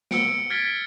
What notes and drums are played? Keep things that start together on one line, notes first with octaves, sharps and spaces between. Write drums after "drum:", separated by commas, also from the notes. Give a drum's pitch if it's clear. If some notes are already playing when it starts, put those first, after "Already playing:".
E6 C#7 D7, drum: snare
F6 G#6 A6 B6 D7 G7